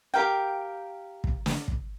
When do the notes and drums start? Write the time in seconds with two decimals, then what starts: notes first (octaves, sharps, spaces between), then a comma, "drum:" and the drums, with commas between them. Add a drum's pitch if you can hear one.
0.14 G4 A#4 F5 G5
1.24 drum: kick
1.46 drum: snare
1.68 drum: kick